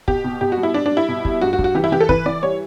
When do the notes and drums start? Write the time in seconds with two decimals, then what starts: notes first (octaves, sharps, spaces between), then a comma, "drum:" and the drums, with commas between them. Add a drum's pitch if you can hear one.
0.08 B2 G4, drum: kick
0.24 B2
0.41 B2 G4
0.52 F#4
0.57 G3
0.63 E4
0.74 G3 D4
0.86 D4
0.91 G3
0.97 E4
1.08 B2
1.25 G3, drum: kick
1.41 G2 F#4
1.53 F#4
1.59 G2, drum: kick
1.64 F#4
1.75 E3 G4
1.84 E4
1.92 E3 G4
2.01 A4
2.09 E3 B4, drum: kick
2.26 E3 D5
2.43 G3 C#5